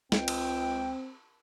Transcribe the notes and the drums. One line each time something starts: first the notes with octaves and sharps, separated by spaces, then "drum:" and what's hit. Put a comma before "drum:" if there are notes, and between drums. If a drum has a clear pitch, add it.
C#2 C4 G5, drum: snare
drum: cymbal